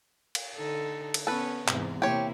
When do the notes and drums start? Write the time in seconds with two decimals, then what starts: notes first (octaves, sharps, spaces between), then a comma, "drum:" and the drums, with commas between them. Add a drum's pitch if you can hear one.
0.35 drum: cymbal
0.56 D3 D#4 A4
1.14 drum: cymbal
1.27 B3 C#4 A4 B4
1.68 E2 G#2 C3, drum: clap
2.02 C3 A#3 E4 G4 C#5